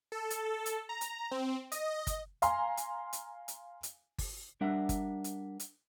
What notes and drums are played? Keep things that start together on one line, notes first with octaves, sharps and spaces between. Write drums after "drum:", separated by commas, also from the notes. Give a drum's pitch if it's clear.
A4
drum: hi-hat
drum: hi-hat
A#5
drum: hi-hat
C4
D#5, drum: hi-hat
drum: kick G1, hi-hat
F5 G#5 A#5 C6, drum: hi-hat
drum: hi-hat
drum: hi-hat
drum: hi-hat
drum: hi-hat
drum: kick G1, open hi-hat
G3 D4 A#4 E5 F#5
drum: kick G1, hi-hat
drum: hi-hat
drum: hi-hat